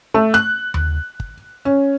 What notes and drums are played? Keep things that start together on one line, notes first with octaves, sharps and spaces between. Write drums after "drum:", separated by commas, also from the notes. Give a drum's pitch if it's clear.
A3
F#6
drum: tom D#2
drum: kick
C#4